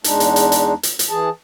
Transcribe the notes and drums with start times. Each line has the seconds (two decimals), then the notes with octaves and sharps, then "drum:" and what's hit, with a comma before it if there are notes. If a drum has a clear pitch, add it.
0.04 E2 G#3 D4 D#4, drum: hi-hat
0.20 drum: hi-hat
0.36 drum: hi-hat
0.52 drum: hi-hat
0.83 drum: hi-hat
0.99 drum: hi-hat
1.10 E3 G#4 A5